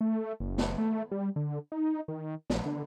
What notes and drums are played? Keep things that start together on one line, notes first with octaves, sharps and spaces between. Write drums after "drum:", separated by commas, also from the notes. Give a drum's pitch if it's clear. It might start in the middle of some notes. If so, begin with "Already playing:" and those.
A3
F#1
drum: snare
A3
G3
D3
D#4
D#3
A#1, drum: snare
D3